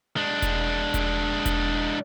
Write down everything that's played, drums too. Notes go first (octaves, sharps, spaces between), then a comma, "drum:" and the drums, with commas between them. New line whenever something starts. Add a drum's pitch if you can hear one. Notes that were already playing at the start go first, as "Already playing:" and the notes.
G#3 D4
drum: kick E1, hi-hat
drum: kick E1, hi-hat
drum: kick E1, hi-hat